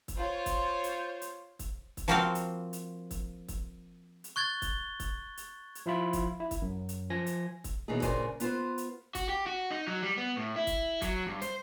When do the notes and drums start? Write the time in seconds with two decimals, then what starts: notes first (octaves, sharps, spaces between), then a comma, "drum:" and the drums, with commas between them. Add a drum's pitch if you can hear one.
0.08 drum: kick, hi-hat
0.17 F4 C5 C#5
0.46 drum: kick, hi-hat
0.84 drum: hi-hat
1.22 drum: hi-hat
1.59 drum: kick, hi-hat
1.97 drum: kick, hi-hat
2.08 F3 A#3 C4 F#4 C5 F5
2.35 drum: hi-hat
2.73 drum: hi-hat
3.11 drum: kick, hi-hat
3.48 drum: kick, hi-hat
4.24 drum: hi-hat
4.36 C#6 F#6 G#6 A6 G7
4.62 drum: kick, hi-hat
5.00 drum: kick, hi-hat
5.37 drum: hi-hat
5.75 drum: hi-hat
5.86 F3 E4 F4 B5
6.13 drum: kick, hi-hat
6.40 E4
6.51 drum: kick, hi-hat
6.62 F#2
6.89 drum: hi-hat
7.10 F3 G#5 A#6
7.26 drum: hi-hat
7.64 drum: kick, hi-hat
7.88 D#2 B2 E3 D#4 G#4
8.02 G2 A#2 C#3 A#3 C5 G#5, drum: kick, hi-hat
8.40 B3 F4 B4 C5, drum: hi-hat
8.78 drum: hi-hat
9.15 F#4, drum: kick, hi-hat
9.29 G4
9.46 F#4
9.71 D#4
9.87 F#3
10.03 G3
10.18 B3
10.37 A2
10.56 E4
10.67 drum: kick, hi-hat
11.02 F#3, drum: kick, hi-hat
11.27 G2
11.42 C5, drum: hi-hat